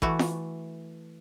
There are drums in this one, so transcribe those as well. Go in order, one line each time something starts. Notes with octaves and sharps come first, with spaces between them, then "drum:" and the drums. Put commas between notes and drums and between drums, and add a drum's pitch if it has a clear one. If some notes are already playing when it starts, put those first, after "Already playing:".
E3 A3 F#4, drum: kick
drum: snare F4